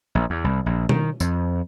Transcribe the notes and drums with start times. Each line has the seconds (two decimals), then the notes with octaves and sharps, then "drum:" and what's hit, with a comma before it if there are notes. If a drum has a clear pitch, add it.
0.15 A#1
0.30 E2
0.44 C2
0.66 A#1
0.89 D#3, drum: tom
1.20 F2, drum: tambourine